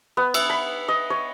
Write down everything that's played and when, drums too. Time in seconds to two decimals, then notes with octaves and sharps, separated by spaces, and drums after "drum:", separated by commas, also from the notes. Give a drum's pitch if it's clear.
0.17 B3
0.34 E5, drum: cymbal
0.50 B5
0.88 D#5
1.10 C#5